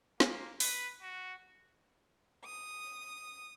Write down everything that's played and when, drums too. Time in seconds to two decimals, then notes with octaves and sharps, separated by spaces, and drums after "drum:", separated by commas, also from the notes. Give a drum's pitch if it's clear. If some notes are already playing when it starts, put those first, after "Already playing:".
0.20 A#3, drum: snare
0.60 B4, drum: open hi-hat
1.02 F#4
2.44 D#6